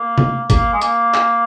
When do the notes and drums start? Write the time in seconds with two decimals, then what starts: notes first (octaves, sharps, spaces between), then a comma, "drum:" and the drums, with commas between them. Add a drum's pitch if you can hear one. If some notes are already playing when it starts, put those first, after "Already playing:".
Already playing: A#3
0.18 drum: tom C3
0.50 A#3, drum: kick, hi-hat
0.73 G#3
0.82 A#3, drum: hi-hat
1.14 drum: clap